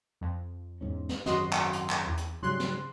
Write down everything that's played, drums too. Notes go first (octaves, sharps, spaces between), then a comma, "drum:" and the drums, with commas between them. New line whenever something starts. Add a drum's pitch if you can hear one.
F2
E2 G#2 C#4
drum: snare
G#1 F#2 F#4 D#5 C6, drum: snare
drum: clap
drum: hi-hat
drum: clap
E2
drum: hi-hat
G#2 C#3 F#3 G3 C6 F#6
drum: snare